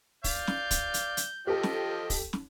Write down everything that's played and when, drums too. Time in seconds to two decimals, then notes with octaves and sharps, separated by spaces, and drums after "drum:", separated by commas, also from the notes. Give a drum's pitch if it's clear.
0.24 D5 F5 G6, drum: kick, open hi-hat
0.47 drum: snare
0.71 drum: kick, hi-hat
0.94 drum: hi-hat
1.17 drum: hi-hat
1.47 F3 G4 A4 D#5 G5
1.63 drum: snare
2.10 drum: kick, open hi-hat
2.33 drum: snare